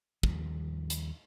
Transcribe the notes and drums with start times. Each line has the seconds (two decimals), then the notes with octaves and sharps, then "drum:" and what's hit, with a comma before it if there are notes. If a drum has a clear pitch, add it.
0.23 D#2 D#3 F3 G3, drum: kick
0.90 drum: hi-hat